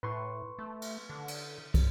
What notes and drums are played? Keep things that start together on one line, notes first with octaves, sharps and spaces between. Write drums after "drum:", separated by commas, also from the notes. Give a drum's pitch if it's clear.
A2 B4 C6 C#6
A3
drum: cymbal
D3
drum: cymbal
drum: kick, cymbal